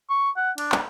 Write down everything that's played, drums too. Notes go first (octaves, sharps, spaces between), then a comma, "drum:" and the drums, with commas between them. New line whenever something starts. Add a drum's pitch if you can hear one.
C#6
F#5
D4, drum: cymbal
drum: clap